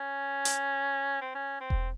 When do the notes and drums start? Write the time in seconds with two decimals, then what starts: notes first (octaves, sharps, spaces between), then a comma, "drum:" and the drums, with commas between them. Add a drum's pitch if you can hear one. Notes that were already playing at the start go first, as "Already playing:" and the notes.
Already playing: C#4
0.45 drum: hi-hat
1.21 C4
1.35 C#4
1.61 C4
1.70 drum: kick E1